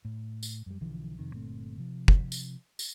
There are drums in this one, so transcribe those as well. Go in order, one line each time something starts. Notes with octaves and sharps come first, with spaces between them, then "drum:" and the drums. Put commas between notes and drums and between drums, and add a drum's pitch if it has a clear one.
A2
drum: tambourine
F#2 G3
B1 D3 E3 F3
F2 C3 D#3
G1 A#2 A3 C4
C3 F3
drum: kick
drum: tambourine
drum: tambourine